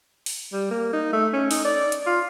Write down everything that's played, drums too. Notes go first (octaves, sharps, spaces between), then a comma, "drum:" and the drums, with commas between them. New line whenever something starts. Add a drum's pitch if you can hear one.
drum: open hi-hat
G3
A#3
D#4
A3
C#4
D#4, drum: open hi-hat
D5
drum: hi-hat
F4